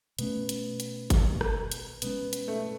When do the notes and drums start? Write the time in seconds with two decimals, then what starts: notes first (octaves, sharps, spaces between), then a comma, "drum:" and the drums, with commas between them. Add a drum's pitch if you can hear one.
0.19 B2 A3 B3 C#4, drum: hi-hat
0.49 drum: hi-hat
0.80 drum: hi-hat
1.10 drum: kick F#1, hi-hat
1.41 drum: rim click
1.72 drum: hi-hat
2.02 B2 G#3 B3 C#4, drum: hi-hat
2.33 drum: hi-hat
2.48 A3